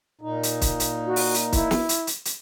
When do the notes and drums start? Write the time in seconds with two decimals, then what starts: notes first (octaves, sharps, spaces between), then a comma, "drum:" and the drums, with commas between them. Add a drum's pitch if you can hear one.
0.21 A#2 D#4
0.43 drum: hi-hat
0.61 drum: kick, hi-hat
0.80 drum: hi-hat
1.07 F#4
1.16 drum: open hi-hat
1.34 drum: hi-hat
1.53 E4, drum: kick, hi-hat
1.71 drum: snare
1.89 drum: hi-hat
2.07 drum: hi-hat
2.25 drum: hi-hat